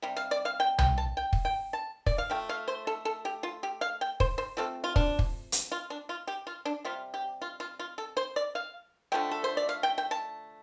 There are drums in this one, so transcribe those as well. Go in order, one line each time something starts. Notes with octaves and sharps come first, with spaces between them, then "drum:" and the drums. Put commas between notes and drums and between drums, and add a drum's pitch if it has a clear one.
C3 G3
F5
D5
F5
G5
G5, drum: tom C2
A5
G5
drum: kick
G5
A5
D5, drum: kick
F5
F3 A3 G5
F5
C5
A4
A4
G4
F4
G4
F5
G5
C5, drum: kick
C5
F3 A3 C4 A4
F4
D4, drum: kick
drum: kick
drum: hi-hat
F4
D4
F4
G4
F4
D4
C3 G3 C4 F4
G4
F4
F4
F4
A4
C5
D5
F5
D3 F3 A3 G5
A4
C5
D5
F5
G5
G5
A5